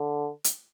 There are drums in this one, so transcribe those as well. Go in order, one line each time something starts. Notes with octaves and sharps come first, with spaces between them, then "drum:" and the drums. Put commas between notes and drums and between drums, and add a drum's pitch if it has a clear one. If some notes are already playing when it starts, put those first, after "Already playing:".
Already playing: D3
drum: hi-hat